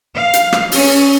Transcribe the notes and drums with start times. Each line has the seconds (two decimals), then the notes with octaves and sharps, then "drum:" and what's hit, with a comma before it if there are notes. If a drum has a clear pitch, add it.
0.16 F5
0.34 drum: hi-hat
0.53 drum: rim click
0.72 C#4, drum: open hi-hat